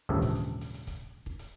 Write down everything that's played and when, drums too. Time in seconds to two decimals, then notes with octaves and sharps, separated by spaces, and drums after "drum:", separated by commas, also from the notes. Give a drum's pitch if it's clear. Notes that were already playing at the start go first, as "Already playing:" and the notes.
0.09 A#1 D#2 G#2 C#3 E3 A4
0.22 drum: kick, hi-hat
0.35 drum: hi-hat
0.61 drum: hi-hat
0.74 drum: hi-hat
0.87 drum: kick, hi-hat
1.26 drum: kick
1.39 drum: hi-hat